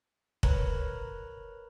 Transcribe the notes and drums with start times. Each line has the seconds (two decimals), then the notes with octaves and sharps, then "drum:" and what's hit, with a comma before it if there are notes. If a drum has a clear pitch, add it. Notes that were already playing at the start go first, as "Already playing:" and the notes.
0.43 A#4 B4 C#5 A#5 B5, drum: kick